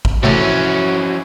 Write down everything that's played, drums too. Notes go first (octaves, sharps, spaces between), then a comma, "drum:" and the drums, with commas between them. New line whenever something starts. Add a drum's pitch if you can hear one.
drum: kick G#1
F2 A2 C3 E3 A3 C#4 F#4